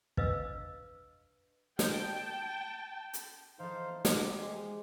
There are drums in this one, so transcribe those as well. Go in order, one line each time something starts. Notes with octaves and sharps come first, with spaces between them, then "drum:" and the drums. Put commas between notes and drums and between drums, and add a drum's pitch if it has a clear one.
D4 B4 D#5 F5 E6, drum: kick
G5 A5, drum: snare
drum: hi-hat
E3 F3 D#4 A4 C5 F5
G4 F#5 G5 A#5, drum: snare
G#3 C5